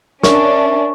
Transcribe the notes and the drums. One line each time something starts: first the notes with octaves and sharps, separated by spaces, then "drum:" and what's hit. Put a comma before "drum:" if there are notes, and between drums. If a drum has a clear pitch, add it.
C#4 D4 A#4 E5 C#6, drum: snare